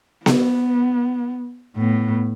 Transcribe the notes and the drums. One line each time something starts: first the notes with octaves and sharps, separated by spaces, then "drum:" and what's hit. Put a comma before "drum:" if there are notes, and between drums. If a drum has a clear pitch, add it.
B3, drum: snare B3
A2 B3